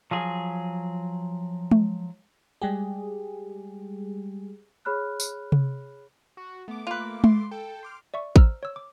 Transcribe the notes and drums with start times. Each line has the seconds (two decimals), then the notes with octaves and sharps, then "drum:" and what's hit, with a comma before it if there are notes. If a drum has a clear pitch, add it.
0.11 F3 F#3 G#4
1.71 drum: tom G#3
2.62 G3 G#3 G4 G#4
4.85 G#4 C#5 B5 F6 F#6
5.20 drum: tambourine
5.52 drum: tom C3
6.37 F#4
6.68 A3 B3 D6
6.87 A#3 F4 B4
7.24 C6, drum: tom G#3
7.51 A4 G5
7.83 C6 D6 F6
8.14 D5 E5 C#6
8.36 C5 A#5 E6 F6, drum: kick A1
8.63 C#5 E6
8.76 D6